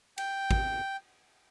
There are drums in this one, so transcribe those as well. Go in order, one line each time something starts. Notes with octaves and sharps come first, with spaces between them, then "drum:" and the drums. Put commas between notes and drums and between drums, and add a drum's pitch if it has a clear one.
G5, drum: cymbal
drum: kick G#1